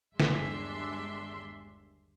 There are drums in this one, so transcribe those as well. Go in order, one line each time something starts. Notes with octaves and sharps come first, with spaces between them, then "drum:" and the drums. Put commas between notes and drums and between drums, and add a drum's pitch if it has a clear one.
G1 D#2 G#3 D4 E5 C6, drum: snare